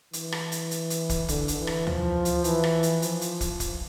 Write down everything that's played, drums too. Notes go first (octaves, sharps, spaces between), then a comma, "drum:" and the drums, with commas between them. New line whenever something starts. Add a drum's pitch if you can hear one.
E3, drum: hi-hat
drum: rim click
drum: hi-hat
drum: hi-hat
drum: hi-hat
drum: kick, hi-hat
D3, drum: kick, hi-hat
drum: hi-hat
E3
drum: rim click
F3, drum: tom D2
drum: hi-hat
E3, drum: hi-hat
drum: rim click
drum: hi-hat
F3, drum: hi-hat
drum: hi-hat
drum: kick, hi-hat
drum: kick, hi-hat